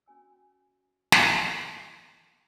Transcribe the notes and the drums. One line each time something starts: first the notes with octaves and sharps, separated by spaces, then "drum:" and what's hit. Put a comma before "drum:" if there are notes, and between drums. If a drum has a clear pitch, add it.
C#4 F#4 G#5 E6
drum: snare